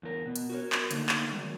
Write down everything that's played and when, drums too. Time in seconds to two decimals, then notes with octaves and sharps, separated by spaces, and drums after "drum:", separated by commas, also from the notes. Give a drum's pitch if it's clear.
0.03 E2 A#4
0.26 B2
0.36 drum: hi-hat
0.50 F#4 A#4 C#5
0.72 drum: clap
0.91 D3 A3 A#3 D#4, drum: hi-hat
1.09 drum: clap
1.32 D#3 F#3 G#3